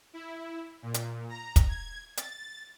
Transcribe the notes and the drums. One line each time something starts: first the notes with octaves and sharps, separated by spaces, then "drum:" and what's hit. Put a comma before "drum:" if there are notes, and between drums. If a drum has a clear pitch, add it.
E4
A#2
drum: hi-hat
A#5
drum: kick, hi-hat
G#6
A6, drum: hi-hat